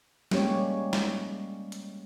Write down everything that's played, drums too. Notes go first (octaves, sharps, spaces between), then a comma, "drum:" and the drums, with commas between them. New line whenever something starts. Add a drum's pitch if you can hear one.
G3 G#3 A#3 C#4 G4 C#5, drum: snare
drum: snare
drum: hi-hat